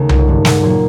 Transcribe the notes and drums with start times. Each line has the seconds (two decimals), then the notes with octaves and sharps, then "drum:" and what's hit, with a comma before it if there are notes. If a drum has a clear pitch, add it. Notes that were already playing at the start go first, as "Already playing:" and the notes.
Already playing: D#2 C#3 A3 B3
0.09 G1, drum: tom C2
0.27 G2 D#3 G#3
0.45 B1, drum: snare
0.62 A#2 F#3 A#3